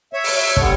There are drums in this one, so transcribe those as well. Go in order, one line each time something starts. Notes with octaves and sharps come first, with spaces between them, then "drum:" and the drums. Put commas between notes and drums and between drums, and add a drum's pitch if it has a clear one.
C#5 E5
drum: open hi-hat
C#5 E5
D3 G3 B3 A4 C#5, drum: kick